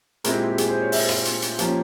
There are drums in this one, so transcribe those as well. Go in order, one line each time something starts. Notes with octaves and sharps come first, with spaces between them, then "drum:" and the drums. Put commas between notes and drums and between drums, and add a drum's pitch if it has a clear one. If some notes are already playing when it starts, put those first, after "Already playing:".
A#2 G#3 C4 E4 A#4, drum: hi-hat
G4
G4
G#4, drum: hi-hat
C5
C#5
E5, drum: open hi-hat
F4, drum: rim click
drum: hi-hat
drum: hi-hat
F3 A#3 C#4 G4, drum: hi-hat